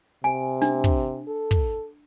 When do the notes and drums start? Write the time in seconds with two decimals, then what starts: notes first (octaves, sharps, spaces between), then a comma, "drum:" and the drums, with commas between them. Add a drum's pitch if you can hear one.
0.24 C3 G#5
0.62 D4, drum: snare
0.84 drum: kick
1.28 A4
1.51 drum: kick